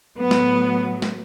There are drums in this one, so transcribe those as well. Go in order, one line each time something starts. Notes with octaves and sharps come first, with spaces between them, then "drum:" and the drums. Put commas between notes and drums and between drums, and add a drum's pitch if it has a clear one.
A2 F#3 B3
drum: snare
drum: snare